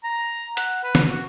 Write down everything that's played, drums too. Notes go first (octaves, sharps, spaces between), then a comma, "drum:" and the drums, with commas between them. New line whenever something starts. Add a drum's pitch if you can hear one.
A#5
F#5, drum: hi-hat
B4
drum: snare
F#4